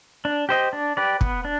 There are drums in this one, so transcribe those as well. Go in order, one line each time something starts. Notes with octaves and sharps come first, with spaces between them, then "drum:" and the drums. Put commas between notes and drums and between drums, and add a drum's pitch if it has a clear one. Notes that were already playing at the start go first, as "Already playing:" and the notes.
D4
G4 C5 D#5
D4
G4 B4 D5
B3, drum: kick
D4